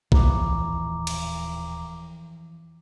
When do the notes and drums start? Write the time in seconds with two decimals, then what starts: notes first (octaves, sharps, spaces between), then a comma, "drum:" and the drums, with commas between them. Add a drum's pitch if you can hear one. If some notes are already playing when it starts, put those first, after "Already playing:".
0.12 D#1 F2 A2 E3 A#5 D6, drum: kick
1.07 drum: cymbal